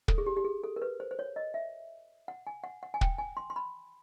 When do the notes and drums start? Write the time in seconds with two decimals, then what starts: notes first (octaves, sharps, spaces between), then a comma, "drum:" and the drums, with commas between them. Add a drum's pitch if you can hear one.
0.08 A4, drum: kick
0.18 G#4
0.26 G4
0.37 G4
0.45 G#4
0.63 A4
0.76 A#4
0.82 B4
1.00 C5
1.11 C5
1.19 C#5
1.36 D#5
1.54 E5
2.28 F#5
2.47 G#5
2.64 F#5
2.83 F#5
2.94 G#5
3.01 G5, drum: kick
3.18 G#5
3.37 C6
3.50 C6
3.56 B5